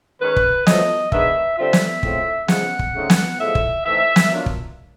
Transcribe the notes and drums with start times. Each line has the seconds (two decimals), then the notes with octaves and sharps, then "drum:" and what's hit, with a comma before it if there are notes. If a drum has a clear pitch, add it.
0.21 D#3 G#3 C#4 B4
0.36 drum: kick
0.67 F#3 A3 C4 F4 D#5, drum: snare
1.12 D#3 G#3 B3 D4 E5, drum: kick
1.58 D3 G3 C4 F4 E5
1.73 drum: snare
2.03 A2 F3 G#3 C4, drum: kick
2.48 C#3 F3 G#3 F#5, drum: snare
2.79 drum: kick
2.94 C#3 F#3 A3 C4 D#4
3.10 drum: snare
3.40 A2 F3 G#3 E5
3.55 drum: kick
3.85 E3 A3 C4 D#4 E5
4.16 drum: snare
4.31 F#3 A#3 D4 F4
4.46 drum: kick